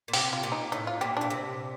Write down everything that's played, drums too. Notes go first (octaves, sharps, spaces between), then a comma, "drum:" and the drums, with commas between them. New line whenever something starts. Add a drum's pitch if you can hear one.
A#2
C3 G4, drum: open hi-hat
F4
A#2
D#4
A2 D#4
F4
A#2 G4
A#2 D4
C3